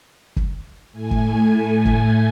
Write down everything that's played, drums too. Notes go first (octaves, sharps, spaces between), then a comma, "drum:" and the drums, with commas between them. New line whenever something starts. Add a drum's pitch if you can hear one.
drum: kick
A2 A3 G#5
drum: kick
drum: kick